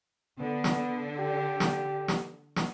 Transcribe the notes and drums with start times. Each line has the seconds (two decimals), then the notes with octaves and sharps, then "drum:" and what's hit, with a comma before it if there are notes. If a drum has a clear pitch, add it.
0.40 D3 B3
0.64 drum: snare
1.19 G4
1.60 drum: snare
2.08 drum: snare
2.56 drum: snare